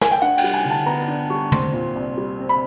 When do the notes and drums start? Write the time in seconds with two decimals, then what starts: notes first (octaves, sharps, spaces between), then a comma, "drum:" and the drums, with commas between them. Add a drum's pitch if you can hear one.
0.01 G#5, drum: snare
0.11 G5
0.22 D4 F#5
0.38 G5, drum: cymbal
0.44 G3
0.54 G#5
0.65 D3
0.70 A5
0.86 B3 A#5
1.08 D4
1.30 G3 C#6
1.52 C4 C6, drum: tom
1.73 A#2
1.95 C2
2.17 G3
2.39 C4
2.49 B5